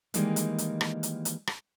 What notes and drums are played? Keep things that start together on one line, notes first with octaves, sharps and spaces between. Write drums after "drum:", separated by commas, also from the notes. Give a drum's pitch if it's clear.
D#3 E3 G3 G#3 A#3 D#4, drum: hi-hat
drum: hi-hat
drum: hi-hat
drum: rim click
drum: hi-hat
drum: hi-hat
drum: rim click